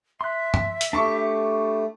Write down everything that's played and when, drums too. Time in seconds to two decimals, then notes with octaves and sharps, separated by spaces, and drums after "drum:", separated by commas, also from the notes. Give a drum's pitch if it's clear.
0.21 E5 C6 F#6
0.54 drum: tom
0.81 drum: hi-hat
0.93 A3 D4 E4 G4 A5 C#6